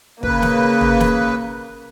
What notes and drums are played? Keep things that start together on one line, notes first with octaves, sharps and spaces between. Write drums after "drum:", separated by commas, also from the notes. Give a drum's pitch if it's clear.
C#3 A#3 B4, drum: kick
drum: snare
drum: tom
drum: snare